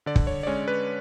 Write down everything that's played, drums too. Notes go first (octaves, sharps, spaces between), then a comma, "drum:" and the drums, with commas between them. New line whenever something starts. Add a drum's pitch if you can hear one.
D3 D5
drum: kick
C#5
D5
G#3 C#4 C#5
B4